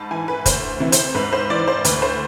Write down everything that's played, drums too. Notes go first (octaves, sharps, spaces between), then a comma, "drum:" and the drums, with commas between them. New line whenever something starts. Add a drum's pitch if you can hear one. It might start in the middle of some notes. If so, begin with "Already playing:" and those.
Already playing: G#2 A5 B5
E3 G#5
B4
D2 C5, drum: kick, hi-hat
C3 E3
C5, drum: hi-hat
G#2 B4
C5
E3 D5
C5
D2 B4, drum: hi-hat
C5